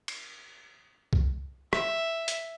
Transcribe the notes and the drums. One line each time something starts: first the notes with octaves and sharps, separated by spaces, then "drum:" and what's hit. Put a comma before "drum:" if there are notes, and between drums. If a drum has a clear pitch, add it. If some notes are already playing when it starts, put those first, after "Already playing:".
drum: cymbal
drum: kick C2
E5, drum: rim click
drum: hi-hat